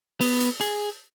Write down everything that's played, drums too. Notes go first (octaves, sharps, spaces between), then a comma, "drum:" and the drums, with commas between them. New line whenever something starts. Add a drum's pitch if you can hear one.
B3, drum: open hi-hat
drum: hi-hat
G#4, drum: hi-hat